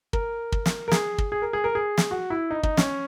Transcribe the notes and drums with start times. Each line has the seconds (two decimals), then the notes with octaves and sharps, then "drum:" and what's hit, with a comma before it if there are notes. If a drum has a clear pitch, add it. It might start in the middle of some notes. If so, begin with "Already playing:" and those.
0.13 A#4, drum: kick
0.52 drum: kick
0.66 drum: snare
0.88 A#4
0.92 G#4, drum: snare
1.18 drum: kick
1.32 G#4
1.42 A#4
1.53 G#4
1.64 A#4
1.75 G#4
1.98 drum: snare
2.11 F#4
2.30 E4
2.51 D#4
2.63 D#4, drum: kick
2.77 C#4, drum: snare